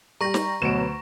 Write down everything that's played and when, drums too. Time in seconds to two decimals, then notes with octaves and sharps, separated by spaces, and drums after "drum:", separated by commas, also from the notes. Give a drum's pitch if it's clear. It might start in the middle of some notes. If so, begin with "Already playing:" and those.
0.21 G3 G4 A#5 C#6 A#6
0.34 drum: snare
0.62 D2 B2 F#3 B4 D7 E7